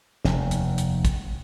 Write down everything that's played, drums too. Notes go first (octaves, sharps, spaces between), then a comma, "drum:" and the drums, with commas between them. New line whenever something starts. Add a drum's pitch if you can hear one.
F1 D#2, drum: snare
drum: hi-hat
drum: hi-hat
drum: kick, hi-hat